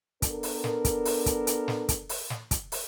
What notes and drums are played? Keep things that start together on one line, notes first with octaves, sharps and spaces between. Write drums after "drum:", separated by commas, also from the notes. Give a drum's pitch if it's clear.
B3 D4 A4 A#4, drum: kick, hi-hat
drum: open hi-hat
drum: snare
drum: kick, hi-hat
drum: open hi-hat
drum: kick, hi-hat
drum: hi-hat
drum: snare
drum: kick, hi-hat
drum: open hi-hat
drum: snare
drum: kick, hi-hat
drum: open hi-hat